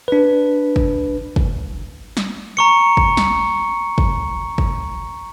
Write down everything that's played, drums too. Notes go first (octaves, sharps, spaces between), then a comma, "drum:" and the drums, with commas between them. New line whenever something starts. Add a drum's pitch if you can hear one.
D4 B4
drum: kick
drum: kick
drum: snare
A#5 C#6 C#7
drum: kick
drum: snare
drum: kick
drum: kick